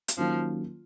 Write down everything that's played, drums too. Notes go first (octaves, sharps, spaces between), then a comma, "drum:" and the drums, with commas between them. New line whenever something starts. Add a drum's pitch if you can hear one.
drum: hi-hat
D#3 F3 F#3 A#3 C#4